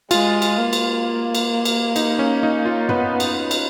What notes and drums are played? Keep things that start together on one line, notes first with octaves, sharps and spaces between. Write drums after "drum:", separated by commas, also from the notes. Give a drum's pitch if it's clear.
G#3 F4, drum: cymbal
drum: cymbal
A#3
drum: cymbal
drum: cymbal
drum: cymbal
D#4, drum: cymbal
C#4
D#4
F4
B3 B4, drum: tom
drum: cymbal
drum: cymbal